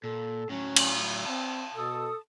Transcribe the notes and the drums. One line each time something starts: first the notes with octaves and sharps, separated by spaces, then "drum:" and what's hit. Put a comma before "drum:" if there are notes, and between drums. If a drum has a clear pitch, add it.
A#2 A4
A2 F#3 C#4
drum: cymbal
C4 A5
B2 A4 D#6